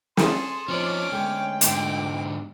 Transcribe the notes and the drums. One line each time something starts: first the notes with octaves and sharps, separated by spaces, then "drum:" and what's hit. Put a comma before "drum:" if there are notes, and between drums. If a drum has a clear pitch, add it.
G#4 A4 C6, drum: snare
F3 C4 C#4 D#4 C#5 D5 D6
D2 G#3 A3 G5
G#2 D3 D6, drum: hi-hat